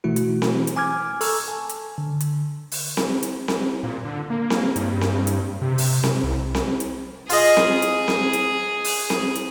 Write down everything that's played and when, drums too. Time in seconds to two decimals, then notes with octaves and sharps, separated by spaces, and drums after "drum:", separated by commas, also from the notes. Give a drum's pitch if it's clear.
0.04 B2 E3 A3 E4 F#4
0.16 drum: hi-hat
0.42 drum: snare C4
0.67 drum: hi-hat
0.76 G#5 D6 F6 G#6
1.21 A4 A#5 C#6 E6, drum: open hi-hat
1.48 G#5 A5
1.69 drum: hi-hat
1.98 D3
2.20 drum: hi-hat
2.72 drum: open hi-hat
2.97 drum: snare C4
3.23 drum: hi-hat
3.48 drum: snare C4
3.83 A#2
4.05 D3
4.30 A#3
4.50 drum: snare C4
4.76 G2, drum: hi-hat
5.01 drum: snare C4
5.27 drum: hi-hat
5.62 C3
5.78 drum: open hi-hat
6.03 drum: snare C4
6.24 C2
6.55 drum: snare C4
6.80 drum: hi-hat
7.30 F4 G#4 D#5, drum: open hi-hat
7.57 drum: snare C4
7.82 drum: hi-hat
8.08 drum: snare C4
8.33 drum: hi-hat
8.84 drum: open hi-hat
9.10 drum: snare C4
9.35 drum: hi-hat